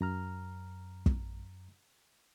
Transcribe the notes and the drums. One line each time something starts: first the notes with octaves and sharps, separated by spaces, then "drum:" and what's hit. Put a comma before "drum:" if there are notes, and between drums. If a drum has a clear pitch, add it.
F#2 A#5 F6
drum: kick